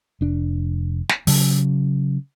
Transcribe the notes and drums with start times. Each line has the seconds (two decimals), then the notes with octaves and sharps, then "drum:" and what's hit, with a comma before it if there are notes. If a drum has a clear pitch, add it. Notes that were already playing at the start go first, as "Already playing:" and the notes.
0.21 F1 D4
1.09 drum: snare
1.27 C#3 F#3, drum: open hi-hat